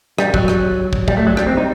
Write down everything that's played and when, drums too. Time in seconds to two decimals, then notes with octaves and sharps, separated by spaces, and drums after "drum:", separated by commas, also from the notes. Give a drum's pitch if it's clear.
0.18 G3, drum: rim click
0.34 F#3, drum: kick
0.48 drum: rim click
0.93 drum: kick
1.08 G3, drum: kick
1.17 A3
1.27 F#3
1.37 G3, drum: rim click
1.47 C4
1.57 D#4